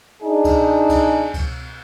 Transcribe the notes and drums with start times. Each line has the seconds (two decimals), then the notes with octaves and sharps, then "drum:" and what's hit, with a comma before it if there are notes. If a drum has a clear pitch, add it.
0.22 D4 D#4 G#4
0.45 drum: kick C#2, cymbal
0.89 drum: kick C#2, cymbal
1.34 drum: kick C#2, cymbal